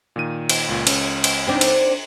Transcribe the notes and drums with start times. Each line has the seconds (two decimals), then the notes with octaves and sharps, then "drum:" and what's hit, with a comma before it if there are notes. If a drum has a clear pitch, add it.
0.16 A#2 D#3 D#7
0.49 drum: cymbal
0.69 C#2 A#2
0.87 C#2 C#4, drum: cymbal
1.24 drum: cymbal
1.48 C4 D4 D#4
1.61 drum: cymbal